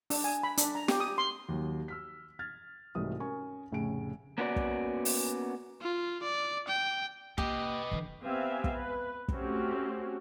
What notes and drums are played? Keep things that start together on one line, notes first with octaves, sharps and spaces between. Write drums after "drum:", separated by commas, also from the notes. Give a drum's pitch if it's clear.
D4, drum: open hi-hat
G#5
B5
D4, drum: hi-hat
A#5
G4, drum: snare
D#6
C6
D#2 F#3
E6 F6 B6
F6 G#6 A6
C2 G#2 E3 A3 F#4 D#6
C#4 A#4 G#5 C#6
F1 A2 C#3 G#5 D7
A#3 B3 C#4 F#4 D5
drum: kick
drum: open hi-hat
F4
D5
G5
A#3 C#4 G4 B4 D#5, drum: kick
D3 E3
B3 C4 G4 E5 F5 G#5
drum: kick
B4
A3 C4 C#4 F#4 G4, drum: kick